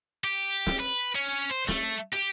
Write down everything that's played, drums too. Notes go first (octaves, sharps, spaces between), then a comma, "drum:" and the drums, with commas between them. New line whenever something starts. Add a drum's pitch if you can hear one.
G4
drum: snare
B4
C#4
C5
A3, drum: snare
G4, drum: hi-hat